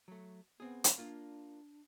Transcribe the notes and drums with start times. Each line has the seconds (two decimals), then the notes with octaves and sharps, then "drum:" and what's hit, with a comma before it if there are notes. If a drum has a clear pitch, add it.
0.08 F#3 A3
0.60 B3 C4 G#4
0.84 drum: hi-hat
0.98 A#3 D4 F4